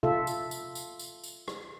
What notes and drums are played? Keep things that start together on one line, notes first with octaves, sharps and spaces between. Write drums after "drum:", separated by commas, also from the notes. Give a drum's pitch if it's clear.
F4 A4 E5, drum: tom C3
drum: tambourine
drum: tambourine
drum: tambourine
drum: tambourine
drum: tambourine
drum: rim click